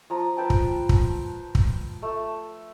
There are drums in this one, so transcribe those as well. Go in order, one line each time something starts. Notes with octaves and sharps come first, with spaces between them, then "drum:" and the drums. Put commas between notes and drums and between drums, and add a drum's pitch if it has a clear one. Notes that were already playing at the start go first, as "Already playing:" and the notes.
F3 A#5
B4 G5 A5
drum: kick
drum: kick
drum: kick
A3